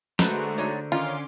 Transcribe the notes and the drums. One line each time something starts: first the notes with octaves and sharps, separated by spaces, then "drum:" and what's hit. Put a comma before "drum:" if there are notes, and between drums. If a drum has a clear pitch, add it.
D3 G#3 A3 F#4 A4 B4 C5 A#5, drum: snare
D#4 C#5 D5
D#3 C#4 F4 C6 D6